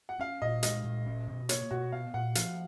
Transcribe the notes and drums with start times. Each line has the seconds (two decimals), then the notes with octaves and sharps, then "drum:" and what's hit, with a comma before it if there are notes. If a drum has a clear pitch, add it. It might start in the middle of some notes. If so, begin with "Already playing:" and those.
0.09 F#5
0.19 C#4 F5
0.42 A#2 D#5
0.63 G#3 D#5, drum: hi-hat
0.84 A#2
1.07 C#4
1.28 B2
1.49 A#3 C#5, drum: hi-hat
1.71 B2 F#4
1.92 B3 F5
2.14 A#2 F#5
2.35 F3 F5, drum: hi-hat